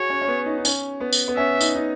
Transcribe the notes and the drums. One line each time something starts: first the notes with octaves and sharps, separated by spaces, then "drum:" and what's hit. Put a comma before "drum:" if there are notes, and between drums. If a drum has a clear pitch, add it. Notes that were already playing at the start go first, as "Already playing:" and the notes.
Already playing: F#4 G#4 C#5
C#4
C#4
B3
D#4
D#4
C#4, drum: tambourine
B3
drum: tambourine
B3
C#4 E5
D#4, drum: tambourine
D#4